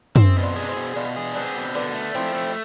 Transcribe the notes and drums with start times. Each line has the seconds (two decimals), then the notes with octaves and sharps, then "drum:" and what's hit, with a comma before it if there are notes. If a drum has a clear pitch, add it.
0.16 C4 E4 G#4, drum: tom F#2
0.37 B2
0.42 D4 F4
0.56 G#4
0.62 D4
0.69 C4 E4
0.76 B2
0.96 B2 D4 F4
1.16 G#4
1.35 B3 C4 D4
1.55 B2
1.75 D3 B3 D4
1.95 A3
2.15 F3 C4 E4
2.34 A3